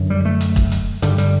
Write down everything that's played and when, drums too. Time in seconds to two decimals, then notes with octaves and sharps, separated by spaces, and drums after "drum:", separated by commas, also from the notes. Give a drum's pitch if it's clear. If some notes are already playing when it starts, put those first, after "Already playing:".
Already playing: F#2 D3
0.10 G3
0.25 A3
0.41 drum: hi-hat
0.56 drum: kick, hi-hat
0.72 drum: hi-hat
1.02 G2 D3 G3, drum: hi-hat
1.18 G3, drum: hi-hat